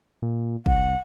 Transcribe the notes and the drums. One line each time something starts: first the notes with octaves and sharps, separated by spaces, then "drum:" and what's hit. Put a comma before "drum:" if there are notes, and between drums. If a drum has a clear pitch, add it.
A#2
C2 F#5, drum: kick